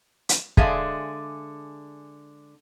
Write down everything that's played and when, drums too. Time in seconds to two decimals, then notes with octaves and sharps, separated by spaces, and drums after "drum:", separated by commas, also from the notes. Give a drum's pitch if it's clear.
0.29 drum: hi-hat
0.57 D3 G#3 D4 G#4 E5 F5, drum: kick